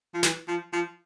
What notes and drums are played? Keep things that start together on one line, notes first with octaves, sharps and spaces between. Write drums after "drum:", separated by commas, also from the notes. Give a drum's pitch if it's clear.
F3
E3, drum: snare
F3
F3